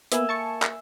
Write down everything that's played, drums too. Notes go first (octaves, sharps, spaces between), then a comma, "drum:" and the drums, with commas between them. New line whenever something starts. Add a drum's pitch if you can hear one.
A#3 B3 E5 G#5, drum: hi-hat
A5 C#6 C#7
drum: clap